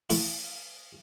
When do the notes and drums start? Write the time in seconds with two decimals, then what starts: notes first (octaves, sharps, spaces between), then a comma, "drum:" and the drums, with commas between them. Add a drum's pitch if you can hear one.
0.10 E3 A3 E4, drum: open hi-hat